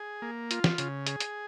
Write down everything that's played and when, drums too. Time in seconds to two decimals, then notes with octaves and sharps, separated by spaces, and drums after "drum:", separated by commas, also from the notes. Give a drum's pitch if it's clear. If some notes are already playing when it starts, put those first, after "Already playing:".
Already playing: G#4
0.22 A#3
0.51 F4, drum: hi-hat
0.64 drum: snare
0.78 C#3, drum: hi-hat
1.07 G#4, drum: hi-hat
1.20 drum: hi-hat